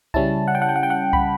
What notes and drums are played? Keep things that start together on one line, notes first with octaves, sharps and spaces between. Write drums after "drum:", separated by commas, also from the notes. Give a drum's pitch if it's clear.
C#3 G3 C#4 E4 A5, drum: kick C2
F#5
G5
F#5
G5
F#5
G5
F#5
B5, drum: kick C2